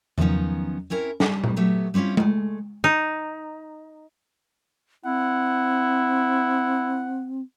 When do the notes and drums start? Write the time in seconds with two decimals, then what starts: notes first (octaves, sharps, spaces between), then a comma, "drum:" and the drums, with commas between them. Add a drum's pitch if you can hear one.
0.18 D#3 F3 F#3 B3 C#4 D#4, drum: tom E2
0.90 C4 C#4 E4 A#4
1.20 G3, drum: snare
1.44 drum: tom A#2
1.56 F#3 A3 B3 G4 E5
1.94 G3 C4 C#4 E4 F4
2.17 G#3 A3, drum: tom G#3
2.84 D#4
5.05 C4 E4 F#5